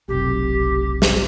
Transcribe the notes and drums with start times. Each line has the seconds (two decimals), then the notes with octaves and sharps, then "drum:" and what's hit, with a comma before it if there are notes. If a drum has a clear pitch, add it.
0.08 F1 B1 G4
1.02 drum: snare